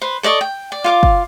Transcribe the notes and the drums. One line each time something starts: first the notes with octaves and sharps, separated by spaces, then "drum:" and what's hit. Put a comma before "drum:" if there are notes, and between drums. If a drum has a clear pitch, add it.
B4 C5
A4 D5 D#5 C#6
G5
D5
F4 F5 D6
drum: kick